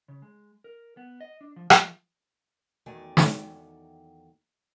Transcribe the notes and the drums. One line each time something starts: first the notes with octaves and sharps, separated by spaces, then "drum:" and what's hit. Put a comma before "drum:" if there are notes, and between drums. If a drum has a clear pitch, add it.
C#3
G#3
A#4
B3
D#5
D4
F3
F3, drum: rim click
E2 D#3 F#3 A3 D5 G#5
drum: snare